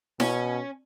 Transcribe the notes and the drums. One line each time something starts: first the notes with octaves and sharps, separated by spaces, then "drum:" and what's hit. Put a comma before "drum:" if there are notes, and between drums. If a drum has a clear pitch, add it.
B2 C#4, drum: snare E4